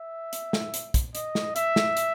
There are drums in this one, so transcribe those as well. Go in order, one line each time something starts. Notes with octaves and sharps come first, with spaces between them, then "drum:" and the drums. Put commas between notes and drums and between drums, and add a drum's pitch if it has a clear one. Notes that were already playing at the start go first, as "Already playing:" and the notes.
Already playing: E5
drum: hi-hat
drum: snare
drum: hi-hat
drum: kick, hi-hat
D#5, drum: hi-hat
drum: snare
E5, drum: hi-hat
drum: snare
drum: hi-hat